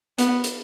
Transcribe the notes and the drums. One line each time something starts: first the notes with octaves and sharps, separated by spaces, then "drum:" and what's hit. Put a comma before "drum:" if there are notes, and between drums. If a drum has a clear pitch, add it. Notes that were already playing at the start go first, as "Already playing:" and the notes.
B3, drum: hi-hat
drum: hi-hat